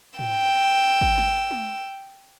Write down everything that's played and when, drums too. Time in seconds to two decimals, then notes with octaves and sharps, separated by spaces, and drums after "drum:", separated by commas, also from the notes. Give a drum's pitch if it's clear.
0.19 G5 E6, drum: tom G#2
1.01 drum: kick
1.18 drum: snare
1.51 drum: tom